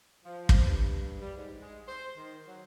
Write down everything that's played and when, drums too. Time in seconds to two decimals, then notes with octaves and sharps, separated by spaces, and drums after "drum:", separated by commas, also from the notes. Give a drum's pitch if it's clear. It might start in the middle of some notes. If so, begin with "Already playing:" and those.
0.25 F3
0.49 drum: kick
0.64 G2
1.21 G3
1.35 G#2
1.61 G#3
1.87 C5
2.15 D#3
2.46 F#3